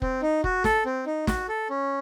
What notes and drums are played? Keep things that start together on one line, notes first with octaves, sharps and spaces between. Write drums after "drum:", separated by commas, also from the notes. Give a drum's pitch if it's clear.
C4, drum: kick
D#4
F#4, drum: kick
A4, drum: snare
C4
D#4
F#4, drum: snare
A4
C#4